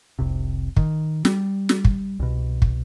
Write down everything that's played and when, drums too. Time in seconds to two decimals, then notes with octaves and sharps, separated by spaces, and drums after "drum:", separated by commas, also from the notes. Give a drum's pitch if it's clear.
0.19 F1 C2 C3
0.77 D#3, drum: kick
1.25 G3, drum: snare
1.69 drum: snare
1.85 drum: kick
2.20 C2 B2
2.62 drum: kick